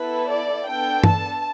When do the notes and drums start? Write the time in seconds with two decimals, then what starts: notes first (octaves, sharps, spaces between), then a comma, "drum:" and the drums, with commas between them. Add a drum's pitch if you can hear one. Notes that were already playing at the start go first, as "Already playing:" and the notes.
Already playing: B3 E4 A4 B4
0.29 D5
0.66 B3 D4 A4 G5
1.04 A5, drum: tom G2